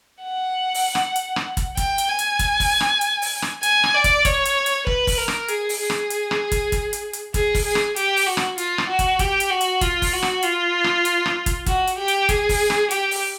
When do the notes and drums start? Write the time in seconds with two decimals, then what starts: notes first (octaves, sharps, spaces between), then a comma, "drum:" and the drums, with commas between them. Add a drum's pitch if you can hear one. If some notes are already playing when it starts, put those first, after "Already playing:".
0.23 F#5
0.74 drum: open hi-hat
0.95 drum: rim click
1.16 drum: hi-hat
1.36 drum: rim click
1.57 drum: kick, hi-hat
1.77 G5, drum: kick, hi-hat
1.98 drum: hi-hat
2.08 G#5
2.19 drum: hi-hat
2.39 drum: kick, hi-hat
2.60 drum: kick, open hi-hat
2.81 drum: rim click
3.01 drum: hi-hat
3.22 drum: open hi-hat
3.42 drum: rim click
3.63 G#5, drum: hi-hat
3.84 drum: rim click
3.94 D5
4.04 drum: kick, hi-hat
4.25 C#5, drum: kick, hi-hat
4.45 drum: hi-hat
4.66 drum: hi-hat
4.87 B4, drum: kick
5.07 drum: kick, open hi-hat
5.17 A#4
5.28 drum: rim click
5.48 G#4, drum: hi-hat
5.69 drum: open hi-hat
5.79 G#4
5.90 drum: rim click
6.10 drum: hi-hat
6.31 drum: rim click
6.52 drum: kick, hi-hat
6.72 drum: kick, hi-hat
6.93 drum: hi-hat
7.13 drum: hi-hat
7.34 G#4, drum: kick, hi-hat
7.55 drum: kick, open hi-hat
7.64 G#4
7.75 drum: rim click
7.96 G4, drum: hi-hat
8.16 drum: open hi-hat
8.26 F#4
8.37 drum: rim click
8.58 F4, drum: hi-hat
8.78 drum: rim click
8.89 F#4
8.99 drum: kick, hi-hat
9.19 G4, drum: kick, hi-hat
9.40 drum: hi-hat
9.50 F#4
9.61 drum: hi-hat
9.81 F4, drum: kick, hi-hat
10.02 drum: kick, open hi-hat
10.12 F#4
10.23 drum: rim click
10.43 F4, drum: hi-hat
10.84 drum: rim click
11.05 drum: hi-hat
11.26 drum: rim click
11.46 drum: kick, hi-hat
11.66 F#4, drum: kick, hi-hat
11.87 drum: hi-hat
11.98 G4
12.08 drum: hi-hat
12.29 G#4, drum: kick, hi-hat
12.49 drum: kick, open hi-hat
12.70 drum: rim click
12.91 G4, drum: hi-hat
13.11 drum: open hi-hat